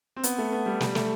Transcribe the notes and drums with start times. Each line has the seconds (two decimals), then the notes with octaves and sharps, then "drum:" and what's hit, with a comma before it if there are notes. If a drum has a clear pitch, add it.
0.16 C4
0.23 B3, drum: hi-hat
0.38 A3
0.52 B3
0.66 G3
0.81 G3, drum: snare
0.95 A3, drum: snare